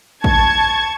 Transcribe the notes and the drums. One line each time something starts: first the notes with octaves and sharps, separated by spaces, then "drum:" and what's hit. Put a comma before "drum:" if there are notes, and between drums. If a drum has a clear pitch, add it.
A5 C#6 G#6, drum: kick